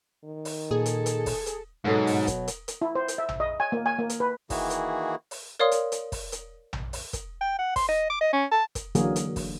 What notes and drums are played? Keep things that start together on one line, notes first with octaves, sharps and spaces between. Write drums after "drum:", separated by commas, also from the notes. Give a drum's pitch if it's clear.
D#3
drum: open hi-hat
A#2 G#4 A4
drum: hi-hat
drum: hi-hat
drum: kick, open hi-hat
drum: hi-hat
G#2 B2 F#3 A4
drum: open hi-hat
drum: kick, hi-hat
drum: hi-hat
drum: hi-hat
E4
C5
drum: hi-hat
E5
drum: tom A#1
D#5
G#5
A#3
G#5
A#3
drum: hi-hat
B4
D#3 E3 A#3 E4 F#4 G#4, drum: kick, open hi-hat
drum: hi-hat
drum: open hi-hat
A#4 C#5 D5 F5 C6 D#6
drum: hi-hat
drum: hi-hat
drum: kick, open hi-hat
drum: hi-hat
drum: tom A#1
drum: open hi-hat
drum: kick, hi-hat
G5
F#5
C6, drum: kick, open hi-hat
D#5
D6
D#5
C#4
A5
drum: kick, hi-hat
D3 E3 F#3 A#3 F#4 G#4, drum: hi-hat
drum: hi-hat
drum: kick, open hi-hat